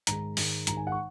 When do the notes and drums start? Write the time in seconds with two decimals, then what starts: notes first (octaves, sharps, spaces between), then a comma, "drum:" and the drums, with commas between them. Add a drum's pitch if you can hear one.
0.07 G#2 D#3 G#3 A#5, drum: hi-hat
0.37 G#2 D#3 G#3, drum: open hi-hat
0.67 G#2 D#3 G#3 A#5, drum: hi-hat
0.77 G#5
0.87 F#5
0.92 C#6